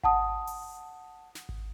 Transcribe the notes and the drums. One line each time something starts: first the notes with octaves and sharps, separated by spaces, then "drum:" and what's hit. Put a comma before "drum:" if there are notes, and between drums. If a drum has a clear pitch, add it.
F#5 A5 D#6, drum: kick G#1
drum: open hi-hat
drum: snare
drum: kick G#1